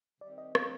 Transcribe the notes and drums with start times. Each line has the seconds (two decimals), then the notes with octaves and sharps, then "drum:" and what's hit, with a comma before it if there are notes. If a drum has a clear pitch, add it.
0.21 C3 D#3 G3 C4 D5
0.38 D#5
0.55 D3 F3 C4 F5, drum: rim click